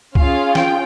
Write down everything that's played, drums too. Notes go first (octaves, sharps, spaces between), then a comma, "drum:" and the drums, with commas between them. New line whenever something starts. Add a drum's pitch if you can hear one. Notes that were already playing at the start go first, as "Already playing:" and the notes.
C#4 F4 G#4 F5, drum: kick C2
G5, drum: snare